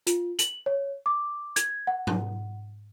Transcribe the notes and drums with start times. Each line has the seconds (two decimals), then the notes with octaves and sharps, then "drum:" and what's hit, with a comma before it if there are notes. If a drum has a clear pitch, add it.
0.07 F4, drum: hi-hat
0.39 F#7, drum: hi-hat
0.66 C#5
1.06 D6
1.56 G#6, drum: hi-hat
1.87 F#5
2.07 drum: tom